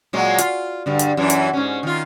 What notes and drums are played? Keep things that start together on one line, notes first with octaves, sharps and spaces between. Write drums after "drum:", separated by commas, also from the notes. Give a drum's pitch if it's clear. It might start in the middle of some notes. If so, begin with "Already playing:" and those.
A#2 F#3 G#3
F4, drum: hi-hat
G2 D3
drum: hi-hat
F#2 E3 D4
drum: hi-hat
G#2 C#4
D#3 F4